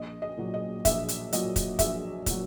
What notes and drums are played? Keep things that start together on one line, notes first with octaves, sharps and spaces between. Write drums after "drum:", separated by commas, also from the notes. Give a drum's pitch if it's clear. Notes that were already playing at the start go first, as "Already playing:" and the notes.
Already playing: A#1 D#5
D#5
A#2 F#3
D#5
A#1 E5, drum: kick, hi-hat
drum: hi-hat
A#2 F#3 D#5, drum: hi-hat
drum: kick, hi-hat
A#1 E5, drum: kick, hi-hat
A#2 F#3, drum: kick, hi-hat